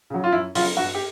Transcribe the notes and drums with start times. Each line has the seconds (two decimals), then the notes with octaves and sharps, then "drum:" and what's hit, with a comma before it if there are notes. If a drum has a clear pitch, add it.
0.10 C#3 F#3
0.24 F4
0.32 F#2 E4
0.55 C#3 F#3 F4, drum: open hi-hat
0.77 G2 F#4
0.94 G4